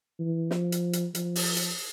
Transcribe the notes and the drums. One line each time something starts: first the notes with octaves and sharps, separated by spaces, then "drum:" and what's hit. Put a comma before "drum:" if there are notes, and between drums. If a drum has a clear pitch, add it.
E3
F3, drum: snare
drum: hi-hat
drum: hi-hat
F3, drum: hi-hat
drum: open hi-hat
drum: hi-hat